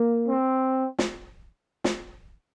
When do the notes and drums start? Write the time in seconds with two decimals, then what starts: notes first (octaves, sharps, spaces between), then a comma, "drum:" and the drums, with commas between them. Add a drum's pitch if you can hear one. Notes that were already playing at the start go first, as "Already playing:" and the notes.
Already playing: A#3
0.28 C4
0.99 drum: snare
1.84 drum: snare